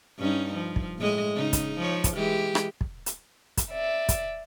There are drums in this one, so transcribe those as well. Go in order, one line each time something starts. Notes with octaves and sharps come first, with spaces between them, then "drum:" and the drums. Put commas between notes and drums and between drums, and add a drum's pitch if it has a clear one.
G2 C#4 D#4
F3
drum: kick
A2 G#3 D#5
C#3 D#4
drum: kick, hi-hat
F3 C#5
drum: kick, hi-hat
E3 G#3 G4
drum: rim click
drum: kick
drum: hi-hat
drum: kick, hi-hat
D5 E5
drum: kick, hi-hat